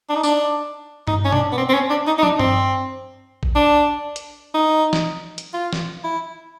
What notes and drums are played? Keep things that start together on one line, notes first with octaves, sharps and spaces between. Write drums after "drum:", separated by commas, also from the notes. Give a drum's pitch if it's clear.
D4
D#4
D4, drum: tambourine
D#4, drum: tom G2
C#4
D4, drum: tom B2
B3
C4
C4
C#4
D4
D#4
D#4
D4, drum: tom
C4, drum: tom G2
drum: kick A1
D4
drum: hi-hat
D#4
drum: snare
drum: hi-hat
F4
drum: snare
E4